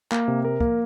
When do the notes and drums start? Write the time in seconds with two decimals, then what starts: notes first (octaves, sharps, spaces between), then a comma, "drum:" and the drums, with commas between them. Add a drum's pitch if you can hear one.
0.12 A#3, drum: clap
0.28 C3
0.45 A#4
0.60 A#3, drum: kick